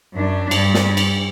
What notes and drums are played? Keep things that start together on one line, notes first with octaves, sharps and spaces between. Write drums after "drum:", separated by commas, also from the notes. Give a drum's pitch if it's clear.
F#2 D4
G2, drum: cymbal
drum: snare
drum: cymbal